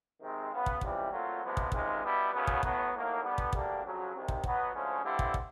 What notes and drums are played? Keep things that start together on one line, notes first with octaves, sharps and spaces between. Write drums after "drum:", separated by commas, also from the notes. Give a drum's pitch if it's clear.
C3 D#3 G#3 C4
C#3 F#3 B3
drum: kick
C#2 C3 E3 G3, drum: kick
A#2 F#3 A3 C4 F4
C2 C3 F3 G#3 B3
drum: kick
C#2 C3 D#3 G#3, drum: kick
B2 G3 B3 E4
D#2 C#3 F#3 B3
drum: kick
A2 F#3 B3, drum: kick
A2 F#3 A#3 D#4
D3 G3 B3
drum: kick
D2 D3 G3 A#3 D4, drum: kick
F2 C#3 F#3
C2 C3 D#3
drum: kick
B2 F#3 B3, drum: kick
D2 C#3 F3 G#3 C#4
G2 D3 G3 C4 E4
drum: kick
drum: kick